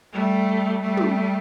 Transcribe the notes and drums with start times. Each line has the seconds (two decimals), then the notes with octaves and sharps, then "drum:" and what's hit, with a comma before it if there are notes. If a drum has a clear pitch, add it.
0.12 G3 A3
0.81 G3 A3
0.97 drum: tom